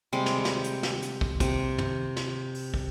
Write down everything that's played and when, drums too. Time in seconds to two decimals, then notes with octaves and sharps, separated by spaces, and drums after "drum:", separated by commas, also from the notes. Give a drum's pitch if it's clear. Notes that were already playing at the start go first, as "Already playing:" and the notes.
0.13 C3 G3 G#3 D6
0.26 drum: snare
0.45 drum: snare
0.64 drum: hi-hat
0.83 drum: snare
1.02 drum: hi-hat
1.21 drum: kick
1.40 C3, drum: kick, hi-hat
1.78 drum: tom
2.16 drum: snare
2.55 drum: open hi-hat
2.74 drum: kick